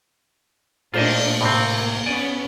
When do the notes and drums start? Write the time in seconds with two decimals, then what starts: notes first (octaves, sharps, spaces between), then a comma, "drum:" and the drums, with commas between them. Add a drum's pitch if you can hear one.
0.94 A#2 A3 D4 F4 C5 D#5, drum: cymbal
1.41 A2 C3 A#3 C4
2.06 B3 C#4 D5 G#5